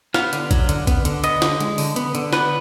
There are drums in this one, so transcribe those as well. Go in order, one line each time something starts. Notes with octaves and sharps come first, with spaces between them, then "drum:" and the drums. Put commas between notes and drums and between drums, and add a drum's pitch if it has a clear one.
B3 F5, drum: snare
D3, drum: hi-hat
F#3, drum: kick A1, hi-hat
D3, drum: hi-hat
B3, drum: kick A1, hi-hat
D3, drum: hi-hat
B3 D#5, drum: hi-hat
D3, drum: snare
G#3, drum: hi-hat
D3, drum: open hi-hat
B3, drum: hi-hat
D3, drum: hi-hat
B3 B4, drum: snare